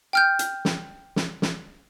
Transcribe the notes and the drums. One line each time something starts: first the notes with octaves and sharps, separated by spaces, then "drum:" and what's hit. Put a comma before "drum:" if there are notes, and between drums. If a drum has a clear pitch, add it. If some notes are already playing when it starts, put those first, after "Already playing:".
G5 F6 G6
drum: hi-hat
drum: snare
drum: snare
drum: snare